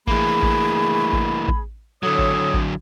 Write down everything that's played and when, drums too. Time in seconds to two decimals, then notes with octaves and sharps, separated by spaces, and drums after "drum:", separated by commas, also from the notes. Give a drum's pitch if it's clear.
0.07 E3 A3 A#3 G#4 B5, drum: kick A1
0.43 drum: kick A1
1.13 drum: kick A1
1.48 drum: kick A1
2.03 D3 F#3 A4 C#5 D#6
2.19 drum: kick A1
2.54 drum: kick A1